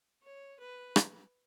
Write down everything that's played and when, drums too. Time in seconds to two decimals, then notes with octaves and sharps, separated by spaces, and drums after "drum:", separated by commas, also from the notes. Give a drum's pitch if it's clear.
0.23 C#5
0.60 B4
0.96 drum: rim click